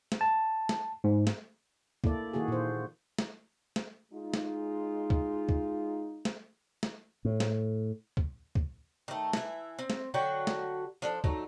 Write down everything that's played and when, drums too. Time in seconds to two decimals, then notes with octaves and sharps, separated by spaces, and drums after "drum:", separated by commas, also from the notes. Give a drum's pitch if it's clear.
0.12 drum: snare
0.21 A5
0.69 drum: snare
1.04 G#2
1.27 drum: snare
2.04 A#3 E4 A4 D5, drum: kick
2.33 D#3 E3 A#3 F#4 G#4
2.48 A#2 C5
3.19 drum: snare
3.76 drum: snare
4.12 G#3 D#4 F4
4.34 drum: snare
5.10 drum: kick
5.49 drum: kick
6.25 drum: snare
6.83 drum: snare
7.25 A2
7.40 drum: snare
8.17 drum: kick
8.55 drum: kick
9.08 D#3 A3
9.33 E3 E5, drum: snare
9.79 C4
9.90 drum: snare
10.14 D3 F#3 F#4 G5
10.47 drum: snare
11.02 F3 D4 A4
11.24 F#3 A3 D#4, drum: kick